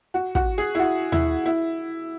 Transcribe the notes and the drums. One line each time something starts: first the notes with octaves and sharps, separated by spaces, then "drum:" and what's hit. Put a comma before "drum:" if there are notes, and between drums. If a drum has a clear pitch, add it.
F#4
F#4, drum: kick
G#4
E4
F#4
E4, drum: tom D#2
E4